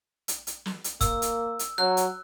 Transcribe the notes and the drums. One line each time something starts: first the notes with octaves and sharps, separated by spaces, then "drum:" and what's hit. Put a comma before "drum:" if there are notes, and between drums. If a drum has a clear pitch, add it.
drum: hi-hat
drum: hi-hat
drum: snare
drum: hi-hat
A#3 E6, drum: kick, hi-hat
drum: hi-hat
drum: hi-hat
F#3 F#6
drum: hi-hat